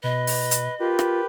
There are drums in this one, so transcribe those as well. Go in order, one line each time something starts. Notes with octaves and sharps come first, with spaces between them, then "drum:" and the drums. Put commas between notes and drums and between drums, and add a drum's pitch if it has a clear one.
B2 B4 D#5
drum: open hi-hat
drum: hi-hat
F4 G4 A#4 B4
drum: rim click